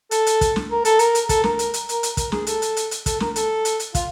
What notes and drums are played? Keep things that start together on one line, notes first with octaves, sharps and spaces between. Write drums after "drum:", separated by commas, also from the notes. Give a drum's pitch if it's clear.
A4, drum: hi-hat
drum: hi-hat
drum: kick, hi-hat
drum: snare
A#4
A4, drum: hi-hat
A#4, drum: hi-hat
drum: hi-hat
A4, drum: kick, hi-hat
A#4, drum: snare
drum: hi-hat
drum: hi-hat
A#4, drum: hi-hat
drum: hi-hat
A#4, drum: kick, hi-hat
G#4, drum: snare
A4, drum: hi-hat
drum: hi-hat
drum: hi-hat
drum: hi-hat
A4, drum: kick, hi-hat
A#4, drum: snare
A4, drum: hi-hat
drum: hi-hat
drum: hi-hat
F4, drum: kick, hi-hat